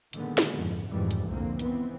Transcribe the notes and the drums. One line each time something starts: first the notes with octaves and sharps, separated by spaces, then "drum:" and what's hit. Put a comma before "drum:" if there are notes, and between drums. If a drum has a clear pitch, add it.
A#2 D3 D#3 G#3 B3, drum: hi-hat
drum: snare
F2 G#2
F2 G#2 D#3 E3 G3
drum: hi-hat
C2 F2 D3 A#3 C4
D#3 E3 B3 C4, drum: hi-hat